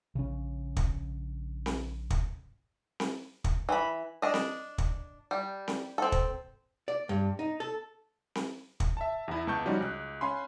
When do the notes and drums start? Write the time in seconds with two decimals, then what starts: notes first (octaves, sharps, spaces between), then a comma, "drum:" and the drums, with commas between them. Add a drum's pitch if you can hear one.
0.15 A#1 C#3 C#4
0.77 drum: kick
1.66 drum: snare C4
2.10 drum: kick
3.00 drum: snare C4
3.44 drum: kick
3.69 E3 B5
4.22 D4 D#5
4.34 drum: snare C4
4.78 drum: kick
5.31 G3
5.68 drum: snare C4
5.98 C4 A4
6.12 drum: kick
6.88 D5
7.09 G2
7.39 D#4
7.60 A4
8.35 drum: snare C4
8.80 drum: kick
8.97 E5 A5
9.28 E2 E4
9.47 C#2 B3 A5 C#6 G6
9.65 F3 G3 C#4 D#4 F#4 G4
9.81 C#2 F#6
10.21 C#4 F5 G#5 B5 C6